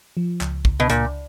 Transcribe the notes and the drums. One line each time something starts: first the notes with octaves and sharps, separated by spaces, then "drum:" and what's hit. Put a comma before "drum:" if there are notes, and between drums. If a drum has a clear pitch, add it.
F3
C#2, drum: clap
C#2, drum: kick
B2
C#2 A#2, drum: hi-hat